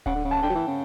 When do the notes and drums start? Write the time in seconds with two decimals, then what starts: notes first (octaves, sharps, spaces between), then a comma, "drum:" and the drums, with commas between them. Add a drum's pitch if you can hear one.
0.06 C#3 F#5, drum: kick D1
0.15 D3
0.25 C#3
0.31 A5
0.43 D3 G5
0.50 F#3
0.55 E3
0.67 C#3